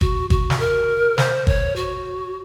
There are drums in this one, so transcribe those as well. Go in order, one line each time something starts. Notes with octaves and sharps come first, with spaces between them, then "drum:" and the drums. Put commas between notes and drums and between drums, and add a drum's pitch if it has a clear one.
F#4, drum: kick G1
F#4, drum: kick G1
drum: snare
A#4
C5, drum: snare
C#5, drum: kick G1
F#4